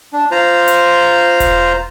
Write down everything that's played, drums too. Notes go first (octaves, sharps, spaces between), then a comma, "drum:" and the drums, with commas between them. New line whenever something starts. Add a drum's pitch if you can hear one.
D4
F4 C5 A#5
drum: hi-hat
drum: kick E1, hi-hat